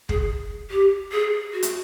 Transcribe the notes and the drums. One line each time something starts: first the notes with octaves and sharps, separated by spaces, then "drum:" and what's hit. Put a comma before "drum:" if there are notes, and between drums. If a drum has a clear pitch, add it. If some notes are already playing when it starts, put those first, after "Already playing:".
G#4, drum: kick
G4
G#4
F#4
drum: hi-hat